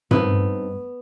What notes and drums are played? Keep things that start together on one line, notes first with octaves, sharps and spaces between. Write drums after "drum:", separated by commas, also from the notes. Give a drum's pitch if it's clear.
G2 B3 C4 D#4 A4, drum: tom